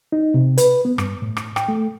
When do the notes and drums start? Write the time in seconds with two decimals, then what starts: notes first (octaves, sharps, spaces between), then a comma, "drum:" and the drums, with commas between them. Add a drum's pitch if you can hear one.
0.12 D#4
0.34 C3
0.58 B4, drum: hi-hat
0.85 B3
0.98 G2, drum: rim click
1.22 A2
1.37 drum: rim click
1.56 G5, drum: rim click
1.68 A3